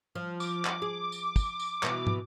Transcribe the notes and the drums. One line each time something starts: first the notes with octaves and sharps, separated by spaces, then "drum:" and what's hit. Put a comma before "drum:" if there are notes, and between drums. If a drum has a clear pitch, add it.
F3
D6, drum: tambourine
drum: clap
G#4
drum: tambourine
drum: kick, tambourine
drum: tambourine
B2 E3, drum: clap
drum: tom